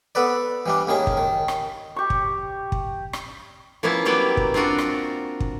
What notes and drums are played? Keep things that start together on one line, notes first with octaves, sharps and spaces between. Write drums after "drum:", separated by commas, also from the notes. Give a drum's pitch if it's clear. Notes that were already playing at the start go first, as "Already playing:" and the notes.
B3 A4 B4 D5
E3 G3 D4
D#2 D#3 C#4 G#4
drum: kick
D#3
drum: rim click
G4 C#6
drum: kick
drum: kick
drum: rim click
F3 A#3 B3 C#4 E4
F#3 G3 A#3 B3 G5
drum: kick
C4 D4 F4 F#4 A#4
drum: rim click
drum: kick